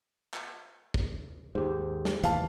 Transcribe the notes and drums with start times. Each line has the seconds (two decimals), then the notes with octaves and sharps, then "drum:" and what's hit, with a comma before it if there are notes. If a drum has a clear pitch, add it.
0.34 drum: clap
0.94 drum: kick
1.55 D#2 G#2 G4 G#4 C5
2.05 drum: snare
2.24 F1 D#2 E3 F5 A5, drum: hi-hat